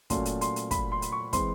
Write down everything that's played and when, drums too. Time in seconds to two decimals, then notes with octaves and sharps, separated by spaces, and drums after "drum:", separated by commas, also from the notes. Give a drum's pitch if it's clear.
0.10 A#2 F#3 A3 C#4 C6, drum: kick, hi-hat
0.25 drum: hi-hat
0.41 C6, drum: hi-hat
0.56 drum: hi-hat
0.71 B5, drum: kick, hi-hat
0.92 C6
1.02 drum: hi-hat
1.12 C#6
1.33 E3 G#3 C4 C6, drum: kick, hi-hat